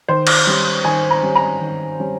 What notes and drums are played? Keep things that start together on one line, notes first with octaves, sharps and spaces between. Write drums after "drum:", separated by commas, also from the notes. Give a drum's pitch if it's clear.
D#3 C5
drum: cymbal
G3 C#4
D#3 G#5
A#5
G3 C#4
A#5
D#3
G3 C#4